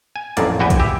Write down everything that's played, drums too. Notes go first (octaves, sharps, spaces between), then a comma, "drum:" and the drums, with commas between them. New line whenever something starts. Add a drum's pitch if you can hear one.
G#5
A1 F2 F#3 A#3 D5, drum: hi-hat
A#1 E2 F#4 B4 G5 G#5
drum: kick, hi-hat
G4 E5